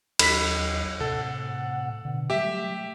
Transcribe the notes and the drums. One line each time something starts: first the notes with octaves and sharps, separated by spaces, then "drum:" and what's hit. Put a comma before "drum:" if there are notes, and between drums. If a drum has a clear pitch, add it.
D#2 F#3 D#5 B5 B6, drum: cymbal
A2 C3 A4 F#5
B2 D3
F#3 G3 A3 G4 E5